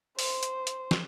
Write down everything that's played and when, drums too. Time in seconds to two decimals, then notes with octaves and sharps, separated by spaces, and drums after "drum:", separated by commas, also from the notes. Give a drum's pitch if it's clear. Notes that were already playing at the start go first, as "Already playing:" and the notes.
0.19 C5, drum: open hi-hat
0.43 drum: hi-hat
0.67 drum: hi-hat
0.91 drum: snare